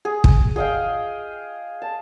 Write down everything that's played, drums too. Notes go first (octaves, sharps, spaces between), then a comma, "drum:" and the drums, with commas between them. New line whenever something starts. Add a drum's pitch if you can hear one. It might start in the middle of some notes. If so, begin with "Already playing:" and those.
G#4
drum: kick
G#4 D#5 F5 G5
A5